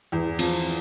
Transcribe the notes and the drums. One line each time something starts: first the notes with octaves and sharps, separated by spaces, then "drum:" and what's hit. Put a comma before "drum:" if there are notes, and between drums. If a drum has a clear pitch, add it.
E2
F3, drum: cymbal